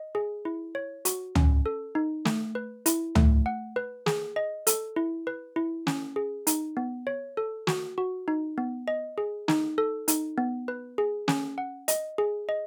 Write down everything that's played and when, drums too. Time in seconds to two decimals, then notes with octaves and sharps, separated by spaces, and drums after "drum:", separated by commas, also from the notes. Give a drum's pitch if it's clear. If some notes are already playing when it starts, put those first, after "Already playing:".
Already playing: D#5
0.15 G#4
0.45 E4
0.75 C#5
1.05 F#4, drum: hi-hat
1.35 C#4, drum: tom
1.66 A4
1.95 D#4
2.25 A3, drum: snare
2.55 B4
2.86 E4, drum: hi-hat
3.15 A3, drum: tom
3.46 F#5
3.76 B4
4.06 G#4, drum: snare
4.36 D#5
4.67 A4, drum: hi-hat
4.96 E4
5.27 B4
5.56 E4
5.87 C#4, drum: snare
6.16 G#4
6.47 D#4, drum: hi-hat
6.77 B3
7.07 C#5
7.37 A4
7.67 F#4, drum: snare
7.98 F#4
8.28 D#4
8.58 B3
8.88 D#5
9.18 G#4
9.48 D#4, drum: snare
9.78 A4
10.08 D#4, drum: hi-hat
10.38 B3
10.68 B4
10.98 G#4
11.28 C#4, drum: snare
11.58 F#5
11.88 D#5, drum: hi-hat
12.18 G#4
12.49 D#5